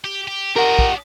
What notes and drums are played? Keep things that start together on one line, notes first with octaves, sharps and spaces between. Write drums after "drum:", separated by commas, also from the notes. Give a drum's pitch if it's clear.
G4
G4
D4 G4 A#4 D#5 F#5
drum: kick